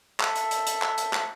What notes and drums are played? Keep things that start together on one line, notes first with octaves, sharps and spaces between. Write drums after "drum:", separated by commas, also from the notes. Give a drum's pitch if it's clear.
A4 E5, drum: clap
drum: hi-hat
drum: hi-hat
drum: hi-hat
drum: clap
drum: hi-hat
drum: clap